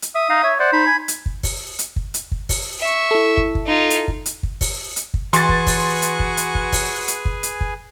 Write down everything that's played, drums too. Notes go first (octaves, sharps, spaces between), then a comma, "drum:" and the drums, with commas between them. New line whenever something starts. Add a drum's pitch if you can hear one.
drum: hi-hat
E5 D#6
D#4 F5
C#5 E5
C5 D5 F#5
D#4 B5
G#5
drum: hi-hat
drum: kick
drum: kick, open hi-hat
drum: hi-hat
drum: kick
drum: hi-hat
drum: kick
drum: kick, open hi-hat
E5 C#6
E4 A4
drum: kick
drum: kick
D#4 F4
drum: hi-hat
drum: kick
drum: hi-hat
drum: kick
drum: kick, open hi-hat
drum: hi-hat
drum: kick
E3 F#4 G#4 B4 G#5 C6 A6, drum: hi-hat
drum: kick
drum: kick, open hi-hat
drum: hi-hat
drum: kick
drum: hi-hat
drum: kick
drum: kick, open hi-hat
drum: hi-hat
drum: kick
drum: hi-hat
drum: kick